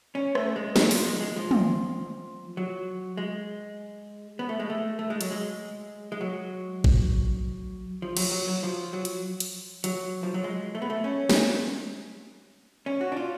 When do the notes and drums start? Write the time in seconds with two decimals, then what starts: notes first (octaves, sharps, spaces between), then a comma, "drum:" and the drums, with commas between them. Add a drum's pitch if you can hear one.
0.15 C#4
0.35 A3, drum: rim click
0.56 G#3
0.76 F#3, drum: snare
0.91 F3, drum: open hi-hat
1.05 G#3
1.21 G#3
1.36 F3
1.51 drum: tom
2.57 F#3
3.17 G#3
4.39 B3
4.49 A3
4.60 G#3
4.70 A3
4.99 A3
5.10 G#3
5.21 F#3, drum: hi-hat
5.31 G#3
6.12 G#3
6.21 F#3
6.84 drum: kick A1
8.02 F3
8.17 F#3, drum: cymbal
8.32 F#3
8.48 F#3
8.63 F3
8.93 F#3
9.05 drum: hi-hat
9.40 drum: hi-hat
9.84 F#3, drum: hi-hat
10.23 F3
10.34 F#3
10.44 G#3
10.75 A3
10.82 B3
10.90 A3
11.04 C#4
11.29 drum: snare
12.86 C#4
13.01 F#4
13.12 D4
13.17 F4